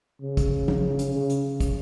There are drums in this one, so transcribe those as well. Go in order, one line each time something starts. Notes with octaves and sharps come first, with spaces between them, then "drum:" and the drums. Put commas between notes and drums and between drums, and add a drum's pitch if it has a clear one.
C#3
drum: kick, hi-hat
drum: tom F3
drum: hi-hat
C#3
drum: hi-hat
drum: kick, hi-hat